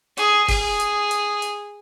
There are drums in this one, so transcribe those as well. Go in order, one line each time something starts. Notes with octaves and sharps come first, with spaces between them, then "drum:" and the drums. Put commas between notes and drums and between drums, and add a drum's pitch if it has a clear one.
G#4, drum: hi-hat
G#4, drum: kick, open hi-hat
drum: hi-hat
drum: hi-hat
drum: hi-hat